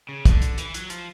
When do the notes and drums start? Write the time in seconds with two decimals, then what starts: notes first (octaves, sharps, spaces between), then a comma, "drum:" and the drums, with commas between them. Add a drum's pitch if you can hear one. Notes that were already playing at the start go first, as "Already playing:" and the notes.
0.09 C#3
0.25 D3, drum: kick, hi-hat
0.42 drum: hi-hat
0.58 E3, drum: hi-hat
0.74 F#3, drum: hi-hat
0.90 F3, drum: hi-hat